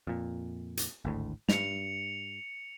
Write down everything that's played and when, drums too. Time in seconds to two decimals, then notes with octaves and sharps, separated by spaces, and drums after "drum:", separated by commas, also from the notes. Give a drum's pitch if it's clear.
0.07 F2 A#2
0.77 drum: hi-hat
1.05 G#1 D2 A2
1.49 G2 C#7 F7, drum: snare